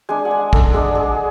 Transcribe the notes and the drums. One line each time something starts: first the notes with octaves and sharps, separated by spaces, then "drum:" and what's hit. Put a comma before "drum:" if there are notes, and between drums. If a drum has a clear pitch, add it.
G#3 D4 G#5
F#5
G#5
A4, drum: kick
G#3 D4 G#4
G#4